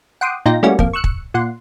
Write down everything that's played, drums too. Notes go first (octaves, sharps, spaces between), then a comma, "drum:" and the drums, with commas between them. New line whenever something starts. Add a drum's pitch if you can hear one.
F#5 G5 C6 D6 D#6
A#2 D#4 F4 G5 A#6
G3 A3 A#3 C#4 E4 F#4
F2 A#3, drum: kick
C#6 E6 F#6 C#7
drum: kick
A#2 F#5 C6